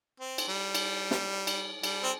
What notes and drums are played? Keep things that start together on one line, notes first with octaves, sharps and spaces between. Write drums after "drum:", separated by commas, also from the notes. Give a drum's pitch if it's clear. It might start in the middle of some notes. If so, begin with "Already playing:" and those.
C4
drum: cymbal
G3
drum: cymbal
drum: snare
drum: cymbal
G3, drum: cymbal
C4